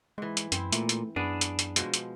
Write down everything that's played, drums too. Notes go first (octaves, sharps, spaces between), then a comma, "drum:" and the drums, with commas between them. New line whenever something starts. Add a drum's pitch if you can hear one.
G#2 E3 G#3
drum: hi-hat
F#2 C4 E4, drum: hi-hat
A#2 A3, drum: hi-hat
drum: hi-hat
F#2 B3 D4 G#4
drum: hi-hat
drum: hi-hat
B2 F3 G#3, drum: hi-hat
drum: hi-hat